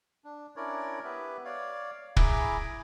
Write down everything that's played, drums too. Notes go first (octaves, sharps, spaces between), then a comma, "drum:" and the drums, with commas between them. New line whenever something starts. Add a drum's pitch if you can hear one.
D4
C#4 D4 E4 A#4 C#5 D5
B3 G4 B4 E5
C#5 D5 F5
E4 G#4 G#5 A#5 B5 D6, drum: kick